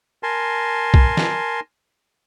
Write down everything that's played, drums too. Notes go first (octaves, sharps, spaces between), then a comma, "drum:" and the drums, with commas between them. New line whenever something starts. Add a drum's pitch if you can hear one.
A#4 G#5 A5 C6
drum: kick
drum: snare